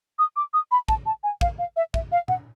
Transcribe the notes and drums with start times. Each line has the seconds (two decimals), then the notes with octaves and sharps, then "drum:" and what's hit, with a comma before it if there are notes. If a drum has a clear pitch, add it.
0.19 D#6
0.36 D6
0.53 D#6
0.71 B5
0.88 A5, drum: kick
1.06 A5
1.23 G#5
1.41 F5, drum: kick
1.59 F5
1.76 E5
1.94 E5, drum: kick
2.12 F5
2.28 F#5, drum: tom A#2